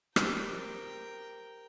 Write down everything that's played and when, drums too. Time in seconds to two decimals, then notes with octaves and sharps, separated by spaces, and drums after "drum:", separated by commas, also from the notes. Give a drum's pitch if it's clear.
0.16 G4 A#4 C5 G5, drum: rim click